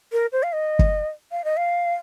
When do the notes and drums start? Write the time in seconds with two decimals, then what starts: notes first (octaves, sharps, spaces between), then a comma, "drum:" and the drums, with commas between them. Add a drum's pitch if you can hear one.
0.13 A#4
0.32 C5
0.43 F5
0.53 D#5
0.79 drum: kick
1.32 F5
1.44 D#5
1.57 F5